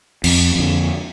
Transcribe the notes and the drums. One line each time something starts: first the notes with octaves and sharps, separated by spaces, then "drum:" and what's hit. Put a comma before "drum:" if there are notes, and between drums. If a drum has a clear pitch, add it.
F2, drum: cymbal
F2 D3